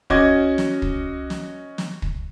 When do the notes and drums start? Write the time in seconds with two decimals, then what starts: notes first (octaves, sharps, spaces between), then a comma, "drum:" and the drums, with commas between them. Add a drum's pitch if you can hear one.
0.10 C#4 F#4 D#5 D6 G#6, drum: kick
0.58 drum: snare
0.82 drum: kick
1.30 drum: snare
1.78 drum: snare
2.02 drum: kick